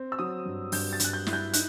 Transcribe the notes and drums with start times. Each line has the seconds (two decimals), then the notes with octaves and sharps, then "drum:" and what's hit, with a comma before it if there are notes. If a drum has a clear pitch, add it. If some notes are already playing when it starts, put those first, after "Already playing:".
Already playing: C4
0.12 E6
0.19 F#3 D#6
0.45 G2
0.72 G2 G6, drum: open hi-hat
0.93 A6
1.00 G2 F#6, drum: hi-hat
1.13 G6
1.26 E4, drum: snare
1.33 G6
1.53 D#4 F#6, drum: hi-hat